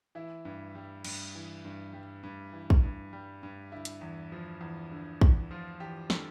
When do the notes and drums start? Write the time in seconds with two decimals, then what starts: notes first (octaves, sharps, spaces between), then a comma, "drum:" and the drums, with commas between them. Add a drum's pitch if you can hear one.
0.15 E3 E4
0.45 G2
0.75 G3
1.05 G2, drum: cymbal
1.35 E3
1.65 G2
1.93 G3
2.23 G2
2.53 E3
2.70 drum: kick
2.83 G2
3.13 G3
3.43 G2
3.72 D3 E4
3.85 drum: hi-hat
4.01 E2
4.32 F3
4.61 E2
4.91 D3
5.21 E2, drum: kick
5.51 F3 F4
5.80 E2 G4
6.10 D3 A4, drum: snare